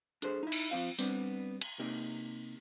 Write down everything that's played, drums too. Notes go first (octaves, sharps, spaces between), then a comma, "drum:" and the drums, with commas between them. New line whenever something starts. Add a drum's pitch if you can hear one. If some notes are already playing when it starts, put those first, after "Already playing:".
D4 G#4 A4 C5, drum: hi-hat
D#4 E4
drum: cymbal
F3 C4 F5
G3 B3 C4 D4, drum: open hi-hat
drum: cymbal
C3 A#3 D#4 G4